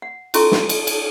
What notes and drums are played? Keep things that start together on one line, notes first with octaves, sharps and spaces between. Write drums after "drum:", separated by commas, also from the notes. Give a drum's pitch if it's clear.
F#5
C#4 E4 F4 A4 C6 C#6, drum: cymbal
drum: snare
drum: cymbal
drum: cymbal